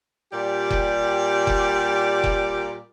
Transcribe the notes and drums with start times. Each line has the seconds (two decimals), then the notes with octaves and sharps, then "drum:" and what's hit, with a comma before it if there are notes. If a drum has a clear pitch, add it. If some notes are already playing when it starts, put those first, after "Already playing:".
0.32 A#2 G3 G4 D5
0.70 drum: kick F1
1.47 drum: kick F1
2.24 drum: kick F1